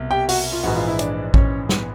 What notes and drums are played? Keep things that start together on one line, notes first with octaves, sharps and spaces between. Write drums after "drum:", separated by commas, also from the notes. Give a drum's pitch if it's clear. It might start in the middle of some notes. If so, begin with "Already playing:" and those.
Already playing: C2 B2
G4 G5
F#4 F#5, drum: open hi-hat
F4 F5
A#1 G#2 E3 F#4 F#5
F4 F5
E4 E5
D4 D5, drum: hi-hat
C#4 C#5, drum: kick A1
B3 B4, drum: snare